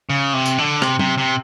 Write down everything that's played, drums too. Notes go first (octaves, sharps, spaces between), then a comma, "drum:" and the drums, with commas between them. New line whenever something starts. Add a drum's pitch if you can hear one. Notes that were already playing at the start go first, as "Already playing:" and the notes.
C#3
C3
drum: tambourine
D3
C3, drum: rim click
C3, drum: tom F#3
C3